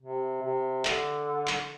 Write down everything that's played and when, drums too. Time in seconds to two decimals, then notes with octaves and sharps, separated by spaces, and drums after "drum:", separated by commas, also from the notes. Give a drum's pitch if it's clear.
0.01 C3
0.42 C3
0.85 D3, drum: clap
1.47 drum: clap